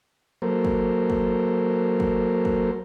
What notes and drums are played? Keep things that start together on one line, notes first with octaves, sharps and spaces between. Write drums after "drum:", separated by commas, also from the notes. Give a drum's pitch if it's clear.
F#3 A#3 A4 A#4 C5
drum: kick
drum: kick
drum: kick
drum: kick